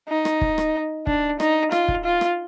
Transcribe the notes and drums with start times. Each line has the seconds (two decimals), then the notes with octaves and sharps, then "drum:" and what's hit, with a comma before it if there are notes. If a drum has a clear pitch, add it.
0.09 D#4
0.25 drum: rim click
0.41 drum: kick
0.58 drum: rim click
1.07 D4, drum: kick
1.40 D#4, drum: rim click
1.72 F4, drum: rim click
1.88 drum: kick
2.05 F4
2.21 drum: rim click